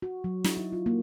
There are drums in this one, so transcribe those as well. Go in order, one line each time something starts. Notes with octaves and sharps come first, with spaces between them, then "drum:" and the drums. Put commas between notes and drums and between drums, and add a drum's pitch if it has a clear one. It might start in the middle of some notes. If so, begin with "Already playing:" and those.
F#4
F#3
E4, drum: snare
D#4
F4
A#3